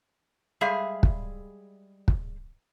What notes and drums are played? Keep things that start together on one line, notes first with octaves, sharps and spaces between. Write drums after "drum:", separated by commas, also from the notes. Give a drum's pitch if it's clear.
G3 G#3 G#4 E5 F5
drum: kick
drum: kick